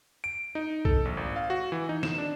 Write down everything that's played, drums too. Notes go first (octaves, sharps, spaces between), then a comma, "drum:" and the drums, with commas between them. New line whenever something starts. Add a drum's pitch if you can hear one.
D7
D#4
A4, drum: kick B1
A#1
G#1
F5
F#4
E3
D#4
E7, drum: snare
D4